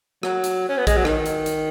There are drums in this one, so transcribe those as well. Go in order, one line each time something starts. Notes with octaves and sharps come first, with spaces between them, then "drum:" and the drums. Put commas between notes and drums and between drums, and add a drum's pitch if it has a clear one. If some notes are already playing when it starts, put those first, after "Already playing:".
F#3, drum: rim click
drum: hi-hat
C#4
B3
G#3, drum: kick, hi-hat
F#3
D#3, drum: rim click
drum: hi-hat
drum: hi-hat